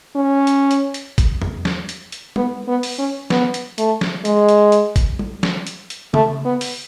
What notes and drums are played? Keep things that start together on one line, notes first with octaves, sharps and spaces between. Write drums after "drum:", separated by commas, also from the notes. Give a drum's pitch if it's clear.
C#4
drum: hi-hat
drum: hi-hat
drum: hi-hat
drum: kick, hi-hat
drum: tom
drum: snare
drum: hi-hat
drum: hi-hat
B3, drum: tom
B3
drum: open hi-hat
C#4
B3, drum: snare
drum: hi-hat
A3, drum: hi-hat
drum: snare
G#3, drum: hi-hat
drum: hi-hat
drum: hi-hat
drum: kick, hi-hat
drum: tom
drum: snare
drum: hi-hat
drum: hi-hat
A3, drum: tom C#3
B3
drum: open hi-hat